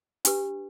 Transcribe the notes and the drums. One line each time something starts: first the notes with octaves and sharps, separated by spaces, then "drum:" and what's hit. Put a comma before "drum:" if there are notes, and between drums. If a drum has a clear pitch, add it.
D4 G4 B4, drum: hi-hat